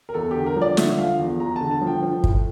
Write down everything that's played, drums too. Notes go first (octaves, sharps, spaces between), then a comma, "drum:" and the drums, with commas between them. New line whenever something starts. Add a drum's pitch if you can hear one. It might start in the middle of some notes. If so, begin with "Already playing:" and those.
A#4
E2 A4
D3 G4
A#4
F3
D5
D3 E5, drum: snare
F3 F5
E2
E2 A#5
D3 A5
A5
F3
G5
F3
A2, drum: kick